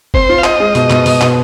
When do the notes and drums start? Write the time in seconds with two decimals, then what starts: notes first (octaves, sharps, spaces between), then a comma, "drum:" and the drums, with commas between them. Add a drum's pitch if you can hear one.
0.14 C4 C5, drum: kick
0.29 F4
0.38 F5
0.44 C5 D#5, drum: clap
0.60 G#3
0.75 B2, drum: hi-hat
0.90 B2, drum: clap
1.06 B2, drum: open hi-hat
1.21 B2, drum: clap